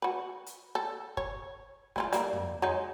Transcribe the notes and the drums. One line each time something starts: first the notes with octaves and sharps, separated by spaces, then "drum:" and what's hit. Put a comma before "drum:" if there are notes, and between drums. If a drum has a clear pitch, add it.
F#4 B4
drum: hi-hat
A4
C#5, drum: kick
G#3 E4 F4, drum: snare
G3 A#3 E4, drum: hi-hat
drum: tom
F#3 G#3 D#4